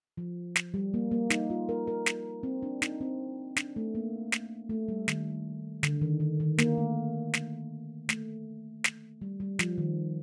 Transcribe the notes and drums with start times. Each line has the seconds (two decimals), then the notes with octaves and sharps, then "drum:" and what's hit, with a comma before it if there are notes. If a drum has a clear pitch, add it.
0.17 F3
0.56 drum: snare
0.74 G3
0.94 A#3
1.11 A#3
1.30 D#4, drum: snare
1.50 F4
1.69 A#4
1.87 A#4
2.06 drum: snare
2.43 C4
2.63 D4
2.82 D#4, drum: snare
3.01 C4
3.56 D4, drum: snare
3.76 A3
3.95 A#3
4.32 drum: snare
4.70 A3
4.88 G3
5.08 D#3, drum: snare
5.83 D3, drum: snare
6.01 D#3
6.20 D#3
6.40 D#3
6.58 A#3, drum: snare
6.77 A3
7.34 drum: snare
8.09 A3, drum: snare
8.84 drum: snare
9.22 G3
9.40 G3
9.59 F3, drum: snare
9.78 D#3